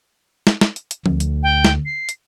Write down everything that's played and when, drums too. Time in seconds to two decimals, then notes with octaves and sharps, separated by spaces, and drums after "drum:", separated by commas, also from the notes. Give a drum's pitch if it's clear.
0.47 drum: snare
0.61 drum: snare
0.76 drum: hi-hat
0.91 drum: hi-hat
1.06 D2, drum: tom F3
1.20 drum: hi-hat
1.43 G5
1.65 drum: snare
1.86 C7
2.09 drum: hi-hat